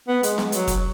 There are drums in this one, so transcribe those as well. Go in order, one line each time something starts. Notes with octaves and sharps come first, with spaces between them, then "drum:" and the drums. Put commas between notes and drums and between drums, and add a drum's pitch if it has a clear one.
B3
G#3, drum: hi-hat
drum: snare
F#3, drum: hi-hat
drum: kick, hi-hat